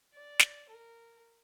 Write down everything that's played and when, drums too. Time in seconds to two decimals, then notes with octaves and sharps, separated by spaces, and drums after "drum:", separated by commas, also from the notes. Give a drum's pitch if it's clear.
0.14 D5
0.39 drum: snare
0.69 A#4